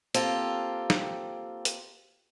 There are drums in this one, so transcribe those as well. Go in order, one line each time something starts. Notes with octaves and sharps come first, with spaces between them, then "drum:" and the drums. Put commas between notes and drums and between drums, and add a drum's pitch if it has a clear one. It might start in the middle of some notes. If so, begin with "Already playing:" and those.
A#3 C4 F4 G4 A4, drum: hi-hat
drum: snare
drum: hi-hat